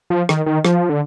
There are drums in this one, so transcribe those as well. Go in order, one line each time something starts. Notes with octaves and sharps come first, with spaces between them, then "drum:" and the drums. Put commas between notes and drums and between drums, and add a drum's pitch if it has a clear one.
F3
D#3, drum: rim click
D#3
F3, drum: rim click
D3